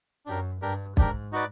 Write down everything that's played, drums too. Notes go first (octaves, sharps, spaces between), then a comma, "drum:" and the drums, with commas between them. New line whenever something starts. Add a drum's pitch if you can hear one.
F#2 D4 G4 A#4
G2 D4 G4 A#4
G#2 D4 G4 A#4, drum: kick
D#4 F#4 B4 D5